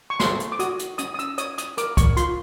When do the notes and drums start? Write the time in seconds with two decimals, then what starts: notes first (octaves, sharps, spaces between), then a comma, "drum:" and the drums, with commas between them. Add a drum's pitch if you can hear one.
0.10 C#6
0.20 A4 C6, drum: snare
0.40 drum: hi-hat
0.52 D6
0.59 F#4 D#6, drum: hi-hat
0.79 drum: hi-hat
0.98 C#4 D#6, drum: hi-hat
1.14 D#6
1.19 E6, drum: hi-hat
1.38 C#5 D#6, drum: hi-hat
1.58 D#6, drum: hi-hat
1.77 A#4 D6, drum: hi-hat
1.97 C#6, drum: kick C2, hi-hat
2.17 F4 C6, drum: hi-hat